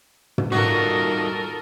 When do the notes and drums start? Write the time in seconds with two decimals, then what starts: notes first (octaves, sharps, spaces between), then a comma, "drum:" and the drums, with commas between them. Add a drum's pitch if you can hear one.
0.38 drum: tom
0.52 G3 D#4 F4 F#4 A4 A#4 D#5